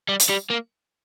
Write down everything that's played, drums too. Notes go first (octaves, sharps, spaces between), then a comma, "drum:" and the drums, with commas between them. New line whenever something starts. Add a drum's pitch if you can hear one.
G3
drum: hi-hat
G3
A#3